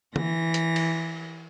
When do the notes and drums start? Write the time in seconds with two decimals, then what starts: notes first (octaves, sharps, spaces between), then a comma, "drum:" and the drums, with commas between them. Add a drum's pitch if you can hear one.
0.16 E3 A#6, drum: tom
0.54 drum: hi-hat
0.76 drum: cymbal